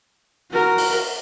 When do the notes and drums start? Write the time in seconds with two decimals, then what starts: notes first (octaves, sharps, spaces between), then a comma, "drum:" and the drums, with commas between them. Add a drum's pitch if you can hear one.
0.51 F#4 A#4
0.78 drum: open hi-hat